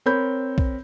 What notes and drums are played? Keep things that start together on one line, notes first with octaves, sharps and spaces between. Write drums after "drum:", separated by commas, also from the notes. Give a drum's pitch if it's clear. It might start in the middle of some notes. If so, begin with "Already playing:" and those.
C4 A#4 C#5 B5 G6
drum: kick